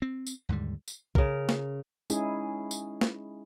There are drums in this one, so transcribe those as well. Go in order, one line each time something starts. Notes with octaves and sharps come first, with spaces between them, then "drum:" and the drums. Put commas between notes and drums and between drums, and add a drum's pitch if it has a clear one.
C4
drum: tambourine
D#2 G#2 D3 G3
drum: tambourine
C#3 A#4, drum: kick
drum: snare
G#3 C#4 D#4 E4 G#4, drum: tambourine
drum: tambourine
drum: snare